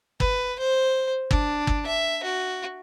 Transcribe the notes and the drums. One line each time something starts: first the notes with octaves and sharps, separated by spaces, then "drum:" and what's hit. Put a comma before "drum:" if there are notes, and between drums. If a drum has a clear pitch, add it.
B4, drum: kick
C5
D4, drum: kick
drum: kick
E5
F#4